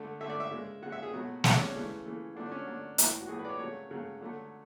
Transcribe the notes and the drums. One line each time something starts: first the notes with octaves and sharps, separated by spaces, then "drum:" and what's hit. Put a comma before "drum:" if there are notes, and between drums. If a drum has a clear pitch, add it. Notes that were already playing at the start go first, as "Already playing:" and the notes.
Already playing: D3 A3
D3 A3 E5
D5
E5
C#3 G#3
C#3 G#3 F#5
E5
G#4
B2 F#3 A3 F#4
B2 F#3 A3 D4, drum: snare
C#4
C#3 E3 A3
C#3 E3 A3
D3 F#3 A3 D4
D4
C#4
D3 F#3 A3 D4
A2 E3 A3, drum: hi-hat
F#4
A2 E3 A3 G#4
B4
D5
C#5
C#3 F#3 A3 C#5
C#3 F#3 A3
D3 F#3 A3